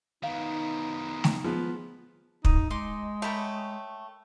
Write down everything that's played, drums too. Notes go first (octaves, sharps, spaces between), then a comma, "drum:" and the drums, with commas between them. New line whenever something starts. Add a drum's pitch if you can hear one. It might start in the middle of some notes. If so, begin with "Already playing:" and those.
D#3 B3 D#4 F5
drum: snare A3
F3 G#3 B3
D#4, drum: kick
G#3 D#4 C6 D6
A3 A#4 C#5 G5 B5